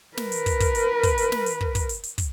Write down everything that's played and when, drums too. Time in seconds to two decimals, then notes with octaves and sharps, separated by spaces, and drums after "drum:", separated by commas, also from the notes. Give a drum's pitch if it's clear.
0.17 A#4 B4, drum: snare
0.32 drum: hi-hat
0.46 drum: kick, hi-hat
0.60 drum: kick, hi-hat
0.75 drum: hi-hat
1.03 drum: kick, hi-hat
1.18 drum: hi-hat
1.32 drum: snare
1.46 drum: hi-hat
1.61 drum: kick
1.75 drum: kick, hi-hat
1.89 drum: hi-hat
2.04 drum: hi-hat
2.18 drum: kick, hi-hat